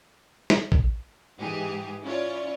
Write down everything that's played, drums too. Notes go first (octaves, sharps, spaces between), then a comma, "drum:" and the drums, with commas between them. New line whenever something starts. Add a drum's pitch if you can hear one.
drum: snare
drum: kick A1
G#2 E3 G4 G#4
C#4 E4 F4 C#5 D5